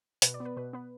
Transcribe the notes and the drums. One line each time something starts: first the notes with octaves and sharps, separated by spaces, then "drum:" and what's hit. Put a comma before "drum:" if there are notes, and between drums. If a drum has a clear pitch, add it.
B2 B4, drum: hi-hat
D5
B3
B4
B2 B4
B3 B4